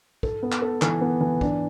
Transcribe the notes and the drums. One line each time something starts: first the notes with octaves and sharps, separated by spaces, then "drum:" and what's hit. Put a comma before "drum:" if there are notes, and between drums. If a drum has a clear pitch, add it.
A4, drum: kick
B3
drum: clap
A4
E3, drum: clap
B3
E3
D4, drum: kick